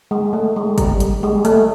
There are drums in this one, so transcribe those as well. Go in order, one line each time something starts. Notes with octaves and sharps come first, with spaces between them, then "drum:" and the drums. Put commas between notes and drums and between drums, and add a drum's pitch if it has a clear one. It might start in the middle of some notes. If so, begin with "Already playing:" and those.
G#3
A3
G#3
G3, drum: kick, hi-hat
drum: hi-hat
G#3
A3, drum: hi-hat